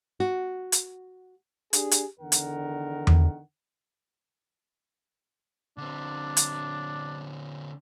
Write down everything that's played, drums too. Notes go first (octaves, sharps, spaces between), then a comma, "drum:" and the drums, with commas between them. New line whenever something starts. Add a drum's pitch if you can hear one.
F#4
drum: hi-hat
D4 G4 G#4, drum: hi-hat
drum: hi-hat
E2 D3 D#3 A#4 F#5
drum: hi-hat
drum: tom E2
D3 C4 D4
drum: hi-hat